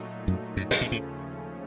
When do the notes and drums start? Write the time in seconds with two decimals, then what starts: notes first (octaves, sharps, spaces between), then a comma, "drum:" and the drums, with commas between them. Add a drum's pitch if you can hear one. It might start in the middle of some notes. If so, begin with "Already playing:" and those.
Already playing: A#2 F#3 A3 D#4
0.28 F#2
0.57 F#2
0.71 D#2 A2 C#3 F3 A3 C#4, drum: hi-hat
0.81 A#2
0.92 A2